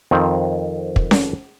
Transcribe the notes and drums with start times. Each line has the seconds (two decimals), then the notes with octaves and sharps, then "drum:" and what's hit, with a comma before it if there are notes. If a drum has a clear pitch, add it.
0.11 F2 D#3 C4
0.96 drum: kick
1.11 drum: snare C#4